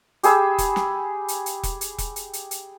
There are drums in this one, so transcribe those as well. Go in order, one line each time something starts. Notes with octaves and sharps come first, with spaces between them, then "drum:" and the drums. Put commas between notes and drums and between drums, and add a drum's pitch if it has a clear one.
G4 G#4 B5 E6, drum: hi-hat
drum: kick E1, hi-hat
drum: snare
drum: hi-hat
drum: hi-hat
drum: kick E1, hi-hat
drum: hi-hat
drum: kick E1, hi-hat
drum: hi-hat
drum: hi-hat
drum: hi-hat